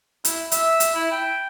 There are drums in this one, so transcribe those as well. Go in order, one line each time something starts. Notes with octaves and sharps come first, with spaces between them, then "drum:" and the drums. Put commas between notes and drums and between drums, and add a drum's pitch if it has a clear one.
E4, drum: hi-hat
E5, drum: hi-hat
drum: hi-hat
E4
G5